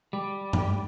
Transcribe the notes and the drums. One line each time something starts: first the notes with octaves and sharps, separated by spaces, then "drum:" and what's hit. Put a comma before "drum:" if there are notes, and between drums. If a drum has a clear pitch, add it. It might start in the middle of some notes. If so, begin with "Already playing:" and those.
G3
drum: tom G2